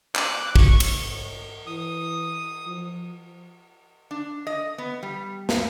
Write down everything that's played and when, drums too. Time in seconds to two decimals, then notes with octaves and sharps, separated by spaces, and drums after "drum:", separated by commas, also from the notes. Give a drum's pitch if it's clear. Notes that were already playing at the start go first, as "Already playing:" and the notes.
0.16 D6 F#6, drum: clap
0.56 C#6, drum: kick
0.80 drum: cymbal
1.67 E3 D#6
2.67 F3
4.11 D4
4.47 D#5
4.78 B3
5.03 G3
5.49 drum: snare